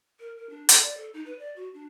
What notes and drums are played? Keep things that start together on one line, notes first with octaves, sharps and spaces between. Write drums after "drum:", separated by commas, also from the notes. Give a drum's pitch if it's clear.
A#4
A#4
D4
A4, drum: hi-hat
D5
A4
D#4
B4
D5
F#4
D4